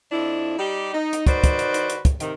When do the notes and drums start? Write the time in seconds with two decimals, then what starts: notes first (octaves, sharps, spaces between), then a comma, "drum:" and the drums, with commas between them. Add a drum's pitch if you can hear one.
0.12 F2 D4 E4
0.59 G3 D#4 G4
0.93 D#4
1.13 drum: hi-hat
1.26 D#3 F#4 B4 C5 D5, drum: kick, hi-hat
1.44 drum: kick, hi-hat
1.59 drum: hi-hat
1.74 drum: hi-hat
1.90 drum: hi-hat
2.05 drum: kick, hi-hat
2.20 C3 D#3, drum: hi-hat